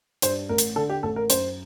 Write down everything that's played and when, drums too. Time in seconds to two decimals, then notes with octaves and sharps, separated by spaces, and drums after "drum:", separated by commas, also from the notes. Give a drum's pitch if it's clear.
0.22 G2 C5, drum: hi-hat
0.49 A1 A#4
0.58 drum: hi-hat
0.76 D3 A4
0.90 G4
1.03 A1 A4
1.16 A#4
1.30 F#2 C5, drum: hi-hat